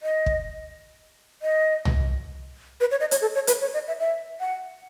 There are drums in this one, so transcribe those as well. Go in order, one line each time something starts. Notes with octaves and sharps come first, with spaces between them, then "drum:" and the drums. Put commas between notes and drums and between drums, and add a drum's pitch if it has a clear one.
D#5
drum: kick
D#5
drum: tom C2
B4
C#5
D#5
C#5, drum: hi-hat
A4
C#5
B4, drum: hi-hat
C#5
D#5
E5
E5
F#5